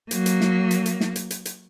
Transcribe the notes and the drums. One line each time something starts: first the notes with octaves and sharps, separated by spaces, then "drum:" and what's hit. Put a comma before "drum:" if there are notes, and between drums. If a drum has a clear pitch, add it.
F#3 A#3, drum: hi-hat
drum: hi-hat
drum: snare
drum: hi-hat
drum: hi-hat
drum: snare
drum: hi-hat
drum: hi-hat
drum: hi-hat